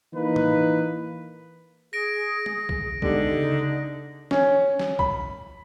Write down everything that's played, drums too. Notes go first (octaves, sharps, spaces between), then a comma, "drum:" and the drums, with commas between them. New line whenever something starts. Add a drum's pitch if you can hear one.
E3 A#3 D#4 B4
drum: tom A2
G#4 A#6 D7
drum: tom G#3
drum: kick C2
D3 G#3 B3 D#4 G4, drum: kick C2
C#3
C#4, drum: snare
drum: snare
B5, drum: kick C2